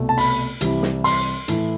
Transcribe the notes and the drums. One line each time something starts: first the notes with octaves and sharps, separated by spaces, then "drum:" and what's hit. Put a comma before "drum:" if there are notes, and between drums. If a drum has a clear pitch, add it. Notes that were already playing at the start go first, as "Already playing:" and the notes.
Already playing: C2 B2 A3
A5
B5, drum: open hi-hat
C2 C3 E3 G3, drum: hi-hat
drum: snare
C6, drum: open hi-hat
A2 E3 A3, drum: hi-hat